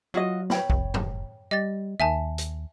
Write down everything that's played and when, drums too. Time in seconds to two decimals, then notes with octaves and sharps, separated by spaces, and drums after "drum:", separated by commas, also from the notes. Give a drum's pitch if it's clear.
0.14 F#3 F4 F#4 D#5
0.50 C#5 G5 B5, drum: snare
0.70 F1, drum: kick B1
0.94 drum: tom
1.51 G3 D#5 A6
2.00 D#2 E5 G#5 A5
2.38 drum: hi-hat